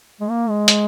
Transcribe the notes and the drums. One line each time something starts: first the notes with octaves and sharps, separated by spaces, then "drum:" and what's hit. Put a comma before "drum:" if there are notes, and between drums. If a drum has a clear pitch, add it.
G#3
A#3
G#3
drum: hi-hat